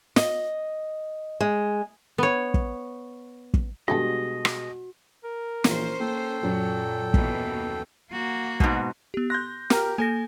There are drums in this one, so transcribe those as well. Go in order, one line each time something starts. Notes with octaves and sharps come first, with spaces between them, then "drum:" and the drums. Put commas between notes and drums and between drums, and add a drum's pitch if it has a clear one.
D#5, drum: snare
G#3
B3 C#5
drum: kick
drum: kick
B2 G3 G#3 D4 F#4 G4 A4 D#5
drum: rim click
A#4
A#1 E3 C#4 C5, drum: snare
A#3 A4 G5
F#2 A#2 F#3
D#2 B2 E3, drum: kick
A#3 F#4
G#2 B2, drum: kick
B3 G4
C6 F#6 G6 A#6
G4 A#4 F6, drum: snare
A#3 A4 G#5 A#6